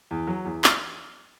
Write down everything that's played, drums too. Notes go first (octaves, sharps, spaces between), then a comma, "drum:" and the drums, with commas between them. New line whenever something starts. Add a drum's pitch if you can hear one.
E2
F#3
E2
drum: clap